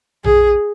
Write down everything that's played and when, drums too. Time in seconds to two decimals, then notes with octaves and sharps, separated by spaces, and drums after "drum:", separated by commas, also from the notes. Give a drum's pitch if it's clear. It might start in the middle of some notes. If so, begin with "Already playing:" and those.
0.24 G#4, drum: tom A#1